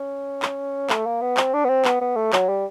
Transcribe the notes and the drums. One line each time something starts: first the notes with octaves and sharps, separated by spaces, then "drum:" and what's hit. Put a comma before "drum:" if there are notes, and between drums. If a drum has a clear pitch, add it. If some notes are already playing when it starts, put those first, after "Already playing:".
Already playing: C#4
drum: clap
A3, drum: clap
A#3
B3
C4, drum: clap
D4
B3
C4
B3, drum: clap
B3
A3
F#3, drum: clap
G3